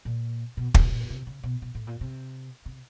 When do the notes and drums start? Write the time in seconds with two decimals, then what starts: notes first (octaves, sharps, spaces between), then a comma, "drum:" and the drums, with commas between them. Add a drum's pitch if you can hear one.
0.05 A#2
0.57 B2
0.74 B2, drum: kick
0.92 A#2
1.10 C3
1.27 C#3
1.43 B2
1.62 B2
1.75 A2
1.87 A#2
2.01 C3
2.66 C3